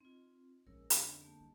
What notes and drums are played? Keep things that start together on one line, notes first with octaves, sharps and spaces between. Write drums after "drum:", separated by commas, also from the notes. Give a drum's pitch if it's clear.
C4 D#4 F4
A#1 F3 G#3 C#4 A#4 C#5 E6
F2 D3 B3 C4 D#4 F#4 C#5, drum: hi-hat
A#3 G4 A5
G3